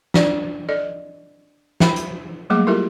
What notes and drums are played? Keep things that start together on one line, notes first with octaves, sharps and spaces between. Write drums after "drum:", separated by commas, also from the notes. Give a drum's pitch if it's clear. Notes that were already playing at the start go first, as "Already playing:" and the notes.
D4 D5, drum: snare
A4 D5 D#5
E5 G5 B5, drum: snare
drum: hi-hat
F#3 G3 A3 A#3 G#4 D6
E4 F4 G4 A4 A#4 E5